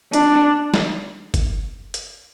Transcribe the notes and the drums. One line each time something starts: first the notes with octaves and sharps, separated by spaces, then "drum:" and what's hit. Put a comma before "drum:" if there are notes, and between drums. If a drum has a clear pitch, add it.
D4, drum: hi-hat
drum: snare
drum: kick F#1, hi-hat
drum: hi-hat